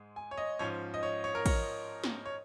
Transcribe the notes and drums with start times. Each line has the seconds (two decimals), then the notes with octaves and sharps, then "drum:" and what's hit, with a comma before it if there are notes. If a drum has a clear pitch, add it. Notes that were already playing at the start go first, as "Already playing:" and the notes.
Already playing: G#2 G#3
0.16 G#5
0.31 C#5
0.37 D#5
0.59 G#2 F3 C#4 C#5
0.94 D#5
1.03 C#5
1.24 C#5
1.35 A#4
1.46 C#5, drum: kick, cymbal
2.04 drum: snare
2.26 C#5